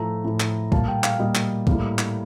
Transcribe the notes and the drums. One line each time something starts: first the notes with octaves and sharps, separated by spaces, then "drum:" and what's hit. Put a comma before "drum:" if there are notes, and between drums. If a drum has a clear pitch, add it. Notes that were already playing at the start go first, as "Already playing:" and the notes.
Already playing: A2 F3 A3 A#5
A2 F3 A3
drum: clap
A#2 G3 A#3 A5, drum: kick
G5
F5, drum: clap
A#2 G3 A#3 D#5
drum: clap
A2 G3 A#3, drum: kick
drum: clap